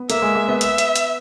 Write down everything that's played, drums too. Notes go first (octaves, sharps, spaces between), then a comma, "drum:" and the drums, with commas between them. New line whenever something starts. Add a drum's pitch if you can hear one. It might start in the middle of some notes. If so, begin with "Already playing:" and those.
Already playing: B3
A#3 E5, drum: hi-hat
G#3
G#3
B3
E5, drum: hi-hat
drum: hi-hat
drum: hi-hat